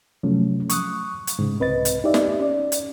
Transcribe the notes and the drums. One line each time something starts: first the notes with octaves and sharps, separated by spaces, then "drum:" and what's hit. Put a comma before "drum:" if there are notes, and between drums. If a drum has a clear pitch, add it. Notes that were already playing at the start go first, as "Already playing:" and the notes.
C3 F3 F#3 A3 C#4
C#6 D#6 F#6, drum: hi-hat
drum: hi-hat
G#2 C#3
C2 C4 B4 D#5 A6
drum: hi-hat
D#4 G4 D5 E5
drum: snare
C#4 D5
drum: hi-hat